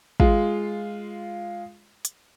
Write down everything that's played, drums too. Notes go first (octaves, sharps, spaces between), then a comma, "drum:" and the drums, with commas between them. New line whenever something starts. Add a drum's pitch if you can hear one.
G#3 F4, drum: kick
drum: hi-hat